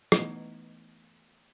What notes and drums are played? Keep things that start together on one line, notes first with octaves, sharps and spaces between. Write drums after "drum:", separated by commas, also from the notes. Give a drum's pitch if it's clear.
E3 A3 B3 D#4, drum: rim click